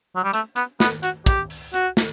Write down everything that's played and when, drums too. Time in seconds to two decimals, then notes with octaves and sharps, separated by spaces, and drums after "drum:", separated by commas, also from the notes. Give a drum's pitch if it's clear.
0.16 F#3
0.24 G3
0.33 A3, drum: hi-hat
0.56 B3, drum: hi-hat
0.80 B3, drum: snare
1.03 F#4, drum: hi-hat
1.26 G4, drum: kick, hi-hat
1.50 drum: open hi-hat
1.74 F#4, drum: hi-hat
1.97 drum: snare